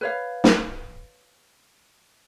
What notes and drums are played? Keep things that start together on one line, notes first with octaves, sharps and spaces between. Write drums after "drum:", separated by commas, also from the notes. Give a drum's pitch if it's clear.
B4 C#5 F5
drum: snare